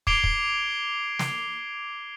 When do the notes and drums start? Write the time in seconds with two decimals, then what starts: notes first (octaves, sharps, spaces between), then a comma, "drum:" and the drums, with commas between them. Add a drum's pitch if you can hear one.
0.07 D6 G#6 C7 D7 F7 G7, drum: kick
0.24 drum: kick
1.19 drum: snare